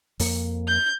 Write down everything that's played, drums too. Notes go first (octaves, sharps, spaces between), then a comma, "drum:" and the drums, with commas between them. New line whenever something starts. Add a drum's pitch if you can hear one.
F2 A#3, drum: open hi-hat
G6